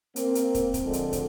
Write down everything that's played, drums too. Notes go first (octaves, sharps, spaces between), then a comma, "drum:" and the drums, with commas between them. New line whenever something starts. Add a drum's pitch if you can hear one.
A#3 C4, drum: hi-hat
drum: hi-hat
drum: kick, hi-hat
drum: kick, hi-hat
D3 F3 G#3 C4 A4
drum: hi-hat
drum: kick, hi-hat